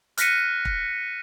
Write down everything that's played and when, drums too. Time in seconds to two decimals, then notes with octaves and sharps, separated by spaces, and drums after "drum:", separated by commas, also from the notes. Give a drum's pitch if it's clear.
0.18 F6 F#6 A#6 B6 C#7 D#7, drum: hi-hat
0.65 drum: kick